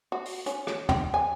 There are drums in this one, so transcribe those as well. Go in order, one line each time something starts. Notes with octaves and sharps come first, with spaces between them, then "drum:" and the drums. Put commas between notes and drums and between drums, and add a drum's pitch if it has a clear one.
F#4
drum: open hi-hat
C#4, drum: hi-hat
drum: rim click
G5, drum: tom
G#5